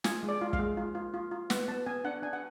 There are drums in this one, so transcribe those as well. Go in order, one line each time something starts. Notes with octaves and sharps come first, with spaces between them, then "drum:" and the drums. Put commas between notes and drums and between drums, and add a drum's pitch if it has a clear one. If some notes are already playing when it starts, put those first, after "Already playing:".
F4 G#5, drum: snare
G#3
D5
F4
F5, drum: kick
G#3
F4
F4
F4
F4
B3 F#5, drum: snare
B3 A5
B3 G#5
D4 F#5
D4 G#5
F#5